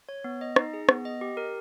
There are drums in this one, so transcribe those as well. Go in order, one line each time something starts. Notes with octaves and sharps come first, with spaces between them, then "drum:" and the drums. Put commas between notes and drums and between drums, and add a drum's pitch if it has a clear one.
C#5
B3
D#5
D#4, drum: rim click
G#4
B3, drum: rim click
D#5
G4
A#4